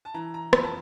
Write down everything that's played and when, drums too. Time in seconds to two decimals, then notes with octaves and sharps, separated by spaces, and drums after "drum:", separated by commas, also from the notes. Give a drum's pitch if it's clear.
0.05 A5
0.14 E3 A#5
0.34 A#5
0.53 F2 B5, drum: rim click
0.63 A5